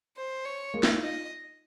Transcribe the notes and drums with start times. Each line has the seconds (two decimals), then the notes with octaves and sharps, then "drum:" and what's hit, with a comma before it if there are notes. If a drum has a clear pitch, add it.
0.17 C5
0.45 C#5
0.74 G#3 A#3
0.83 D4 E4, drum: snare
0.93 D#4 F4
1.02 D#5